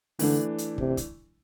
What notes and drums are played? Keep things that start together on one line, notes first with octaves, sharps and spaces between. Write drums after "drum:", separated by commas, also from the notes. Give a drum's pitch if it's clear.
D3 E3 A3 D4, drum: open hi-hat
drum: hi-hat
C3, drum: kick
drum: kick, hi-hat